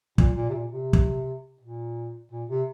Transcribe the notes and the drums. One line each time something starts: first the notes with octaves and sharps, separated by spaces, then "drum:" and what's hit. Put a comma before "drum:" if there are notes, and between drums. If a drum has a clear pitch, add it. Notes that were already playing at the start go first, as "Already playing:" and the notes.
A#2, drum: kick
A#2
C3
A#2
C3
drum: kick
A#2
A#2
C3